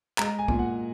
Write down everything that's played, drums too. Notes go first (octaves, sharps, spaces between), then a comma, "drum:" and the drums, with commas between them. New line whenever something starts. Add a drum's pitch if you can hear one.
G#3 A#5, drum: clap
G#5
A#2, drum: kick
F#5